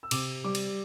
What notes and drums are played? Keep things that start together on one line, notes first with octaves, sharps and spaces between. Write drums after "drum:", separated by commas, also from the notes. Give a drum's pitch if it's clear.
E6
C3 D6, drum: cymbal
G3 D6
drum: cymbal